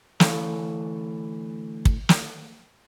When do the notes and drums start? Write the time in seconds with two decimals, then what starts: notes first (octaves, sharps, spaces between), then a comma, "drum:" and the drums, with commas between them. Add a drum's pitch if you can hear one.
0.20 D2 E3 A4 C#5 F5, drum: snare
1.85 drum: kick
2.09 drum: snare